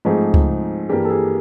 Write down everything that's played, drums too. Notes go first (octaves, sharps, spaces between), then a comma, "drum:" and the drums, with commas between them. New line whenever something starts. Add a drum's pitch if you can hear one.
G#2 F3 A3 C4 D#4 G#4
drum: kick C#2
G2 E3 G3 A#3 G4
A4
G#4